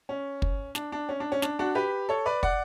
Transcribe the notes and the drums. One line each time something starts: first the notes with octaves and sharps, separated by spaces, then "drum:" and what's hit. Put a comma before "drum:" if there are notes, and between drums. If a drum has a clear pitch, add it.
C#4
drum: kick
D4, drum: snare
D4
C#4
D4
C#4
D4, drum: snare
D4 F#4
G4 B4
A4 C#5
B4 D5
D5 F#5, drum: kick